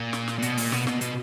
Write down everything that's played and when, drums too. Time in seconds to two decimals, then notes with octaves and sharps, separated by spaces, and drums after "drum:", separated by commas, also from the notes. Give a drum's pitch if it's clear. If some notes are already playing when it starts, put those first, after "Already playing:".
Already playing: A#2
0.13 drum: snare
0.28 drum: snare
0.38 A#2
0.42 B2, drum: hi-hat
0.57 A#2, drum: open hi-hat
0.72 B2, drum: snare
0.87 B2, drum: snare
1.01 B2, drum: hi-hat